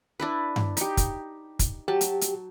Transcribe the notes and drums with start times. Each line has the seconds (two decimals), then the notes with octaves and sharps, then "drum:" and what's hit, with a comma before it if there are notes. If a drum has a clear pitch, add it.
0.20 D4 E4 B4
0.56 drum: tom G2
0.77 D#4 G4, drum: hi-hat
0.97 drum: kick, hi-hat
1.59 drum: kick, hi-hat
1.88 F#3 G4 A5
2.01 drum: hi-hat
2.21 drum: hi-hat